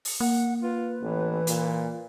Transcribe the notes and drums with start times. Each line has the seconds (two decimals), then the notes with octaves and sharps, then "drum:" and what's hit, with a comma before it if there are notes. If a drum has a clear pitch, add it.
0.05 drum: open hi-hat
0.20 A#3 F#5
0.63 F4 B4
1.02 A1 E3
1.47 A#2, drum: hi-hat